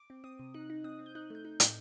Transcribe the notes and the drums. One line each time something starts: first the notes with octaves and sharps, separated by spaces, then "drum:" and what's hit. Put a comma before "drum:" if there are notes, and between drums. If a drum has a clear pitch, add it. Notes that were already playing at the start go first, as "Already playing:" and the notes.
Already playing: D6
C4
C4 D#6
C3
D#4 F#6
D#4
C4 D#6
C4
G6
D#4 F#6
A3 G6
D#4
A2, drum: hi-hat